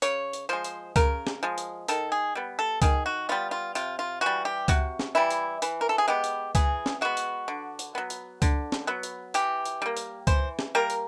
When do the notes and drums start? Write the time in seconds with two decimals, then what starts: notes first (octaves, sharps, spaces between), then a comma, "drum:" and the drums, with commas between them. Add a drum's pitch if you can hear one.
0.02 C#3 C#5, drum: hi-hat
0.33 drum: hi-hat
0.49 F3 G#3 C5
0.64 drum: hi-hat
0.96 C#3 A#4, drum: kick C#2, hi-hat
1.27 drum: snare
1.43 F3 G#3
1.58 drum: hi-hat
1.88 D#3 A4, drum: hi-hat
2.12 G#4
2.35 G3 B3
2.59 A4
2.82 D#3 G#4, drum: kick C#2, hi-hat
3.06 F#4
3.29 G3 B3 F4
3.51 F4
3.75 C3 F4, drum: hi-hat
3.99 F4
4.21 E3 G3 F#4
4.45 G4
4.68 C3 F#4, drum: kick C#2, hi-hat
4.99 drum: snare
5.15 E3 G3 E4
5.31 drum: hi-hat
5.62 E3, drum: hi-hat
5.81 A#4
5.89 A4
5.98 G#4
6.08 G#3 B3 G4
6.24 drum: hi-hat
6.55 E3 G#4, drum: kick C#2, hi-hat
6.86 drum: snare
7.01 G#3 B3 F#4
7.17 drum: hi-hat
7.48 D3
7.79 drum: hi-hat
7.95 F#3 B3
8.10 drum: hi-hat
8.42 D3, drum: kick C#2, hi-hat
8.72 drum: snare
8.87 F#3 B3
9.03 drum: hi-hat
9.34 E3 G4, drum: hi-hat
9.65 drum: hi-hat
9.82 G3 A#3
9.97 drum: hi-hat
10.27 E3 C5, drum: kick C#2, hi-hat
10.59 drum: snare
10.75 G3 A#3 A#4
10.90 drum: hi-hat